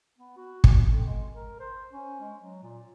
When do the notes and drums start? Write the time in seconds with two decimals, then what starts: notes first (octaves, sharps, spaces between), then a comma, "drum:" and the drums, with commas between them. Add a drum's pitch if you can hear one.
0.19 B3
0.37 F#4
0.64 drum: kick
0.90 F2
1.06 G#3
1.34 A#4
1.60 C5
1.93 C#4
2.21 G#3
2.40 F#3
2.63 A#2